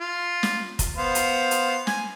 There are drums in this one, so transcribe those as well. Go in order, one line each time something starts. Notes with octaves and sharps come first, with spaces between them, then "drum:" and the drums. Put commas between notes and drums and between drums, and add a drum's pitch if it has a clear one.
F4
drum: snare
drum: kick, hi-hat
B3 C5 F5
drum: hi-hat
drum: hi-hat
G#5, drum: snare